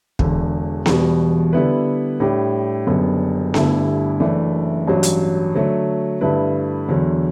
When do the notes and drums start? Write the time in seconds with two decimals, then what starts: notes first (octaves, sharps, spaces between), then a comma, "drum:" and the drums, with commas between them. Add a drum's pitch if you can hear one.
0.19 E1 E2 D3, drum: kick
0.86 E1 E2 B2 G3, drum: snare B3
1.53 D3 G3 B3 E4 B4
2.20 A2 G3 D4 G4
2.87 F#1 F#2 D3 G3 B3
3.54 G1 G2 D3 A3 E4, drum: snare B3
4.20 F#1 F#2 E3 A3 D4
4.88 A1 G2 F#3
5.03 drum: hi-hat
5.55 D3 F#3 A3
6.21 G2 D3 A3 E4 B4
6.89 E2 D3 F#3